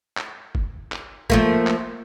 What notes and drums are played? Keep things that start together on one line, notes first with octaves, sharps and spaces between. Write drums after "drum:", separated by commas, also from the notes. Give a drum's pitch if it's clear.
drum: clap
drum: kick G1
drum: clap
F3 A3 A#3, drum: kick G1
drum: clap